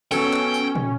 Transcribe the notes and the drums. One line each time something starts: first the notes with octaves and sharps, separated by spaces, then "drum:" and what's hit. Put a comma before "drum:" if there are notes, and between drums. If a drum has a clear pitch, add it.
F#3 B3 C#4 A4 G5, drum: tambourine
drum: clap
drum: tambourine
drum: tom